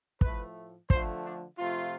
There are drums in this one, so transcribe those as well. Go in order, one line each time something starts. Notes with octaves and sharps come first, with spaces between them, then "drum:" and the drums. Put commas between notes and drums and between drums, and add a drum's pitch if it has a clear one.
A2 F3 A3 B4, drum: kick
D3 F3 A3 C5, drum: kick
D4
C3 F3 A3 F4